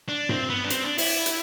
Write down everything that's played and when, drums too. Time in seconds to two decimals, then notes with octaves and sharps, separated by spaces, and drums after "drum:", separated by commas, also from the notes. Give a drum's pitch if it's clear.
0.09 D4
0.29 C4, drum: tom G2
0.50 B3
0.64 D4
0.70 C4, drum: hi-hat
0.84 D4
0.98 E4, drum: open hi-hat
1.26 drum: hi-hat